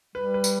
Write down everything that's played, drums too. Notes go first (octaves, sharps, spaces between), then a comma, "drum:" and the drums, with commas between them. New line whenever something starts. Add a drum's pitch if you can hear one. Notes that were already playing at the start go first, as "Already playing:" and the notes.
G3 B4
B4
drum: tambourine